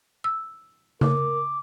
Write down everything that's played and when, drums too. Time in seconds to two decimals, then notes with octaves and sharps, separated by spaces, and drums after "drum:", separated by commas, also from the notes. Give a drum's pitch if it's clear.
0.24 E6
1.01 A#4 D6, drum: tom C#3